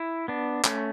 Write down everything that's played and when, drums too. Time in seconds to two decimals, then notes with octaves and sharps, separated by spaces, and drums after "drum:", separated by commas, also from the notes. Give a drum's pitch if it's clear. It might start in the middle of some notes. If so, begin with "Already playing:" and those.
Already playing: E4
0.28 B3 D4
0.65 A3 C#4, drum: clap